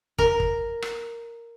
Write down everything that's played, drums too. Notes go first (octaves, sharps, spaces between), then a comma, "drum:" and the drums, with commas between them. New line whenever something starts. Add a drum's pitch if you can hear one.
A#4, drum: kick
drum: kick
drum: rim click